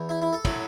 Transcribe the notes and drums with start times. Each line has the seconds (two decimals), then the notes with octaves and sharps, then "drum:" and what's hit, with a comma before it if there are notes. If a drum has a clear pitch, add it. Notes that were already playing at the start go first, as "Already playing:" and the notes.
Already playing: E2 E3
0.09 E4
0.22 E4
0.33 A4
0.45 A2 F#3, drum: kick, cymbal